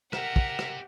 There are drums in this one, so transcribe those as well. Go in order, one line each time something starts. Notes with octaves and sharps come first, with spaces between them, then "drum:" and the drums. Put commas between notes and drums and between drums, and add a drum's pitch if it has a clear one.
G4 A#4 E5 F#5, drum: rim click
drum: kick
drum: rim click